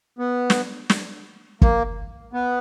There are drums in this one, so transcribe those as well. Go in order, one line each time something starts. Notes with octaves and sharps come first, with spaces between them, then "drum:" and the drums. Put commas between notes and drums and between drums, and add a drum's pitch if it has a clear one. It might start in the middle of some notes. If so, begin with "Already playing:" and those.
B3
drum: snare
drum: snare
A#3, drum: kick
B3